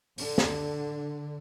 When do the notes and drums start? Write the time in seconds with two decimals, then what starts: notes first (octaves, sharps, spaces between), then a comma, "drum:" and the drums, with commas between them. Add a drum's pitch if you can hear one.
0.18 D3, drum: open hi-hat
0.38 drum: snare